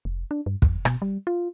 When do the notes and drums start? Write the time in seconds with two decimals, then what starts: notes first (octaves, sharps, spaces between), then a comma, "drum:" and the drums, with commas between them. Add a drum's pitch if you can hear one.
0.05 F1
0.31 D4
0.46 G2
0.62 F2, drum: kick
0.85 B2, drum: rim click
1.02 G3
1.27 F4